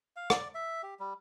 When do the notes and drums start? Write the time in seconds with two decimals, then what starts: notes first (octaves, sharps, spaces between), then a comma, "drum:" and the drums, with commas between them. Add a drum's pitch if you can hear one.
0.16 F5
0.30 D5, drum: rim click
0.55 E5
0.83 G4
1.00 G3